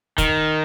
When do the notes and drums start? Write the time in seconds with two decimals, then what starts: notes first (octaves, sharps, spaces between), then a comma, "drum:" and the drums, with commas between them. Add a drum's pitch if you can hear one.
0.18 D#3, drum: kick, hi-hat